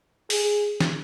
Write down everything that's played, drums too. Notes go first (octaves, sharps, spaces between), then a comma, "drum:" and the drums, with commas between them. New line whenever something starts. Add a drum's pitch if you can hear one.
G#4, drum: open hi-hat
drum: snare